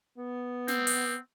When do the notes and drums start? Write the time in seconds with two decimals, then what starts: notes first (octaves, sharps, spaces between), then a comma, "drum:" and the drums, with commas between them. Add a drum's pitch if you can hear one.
0.18 B3
0.68 C4, drum: snare
0.87 drum: open hi-hat